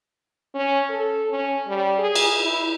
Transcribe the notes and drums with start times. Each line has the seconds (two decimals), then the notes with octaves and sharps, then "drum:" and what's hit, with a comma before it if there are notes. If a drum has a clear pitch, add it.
0.55 C#4
0.89 A4
1.31 C#4
1.68 G3
1.98 G#4
2.16 drum: cymbal
2.39 E4